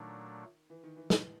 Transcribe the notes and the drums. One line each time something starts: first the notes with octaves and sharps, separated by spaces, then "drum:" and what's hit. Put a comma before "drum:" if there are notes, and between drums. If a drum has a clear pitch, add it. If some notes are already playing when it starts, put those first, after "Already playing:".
Already playing: A#2 D#3 F#3 A3 D4
E3
D#3
E3
E3, drum: snare